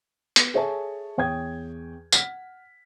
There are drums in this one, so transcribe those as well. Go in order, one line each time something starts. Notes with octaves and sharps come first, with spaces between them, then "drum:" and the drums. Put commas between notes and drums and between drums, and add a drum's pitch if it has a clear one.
B3, drum: hi-hat
G#4 A4 C#5 E5 G#5 A5
E2 C#5 G5 D#6 G#6
F#5 F6 B6, drum: tambourine